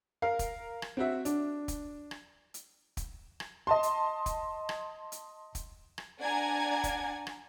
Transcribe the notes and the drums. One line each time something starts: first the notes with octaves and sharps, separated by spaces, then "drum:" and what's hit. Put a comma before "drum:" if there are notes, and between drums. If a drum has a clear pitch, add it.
A#4 F5
drum: kick, hi-hat
drum: rim click
C4 F#4 E5
D4, drum: hi-hat
drum: kick, hi-hat
drum: rim click
drum: hi-hat
drum: kick, hi-hat
drum: rim click
D#5 A5 C6
drum: hi-hat
drum: kick, hi-hat
drum: rim click
drum: hi-hat
drum: kick, hi-hat
drum: rim click
D4 D5 F#5 G#5 A#5 G#6
drum: kick, hi-hat
drum: rim click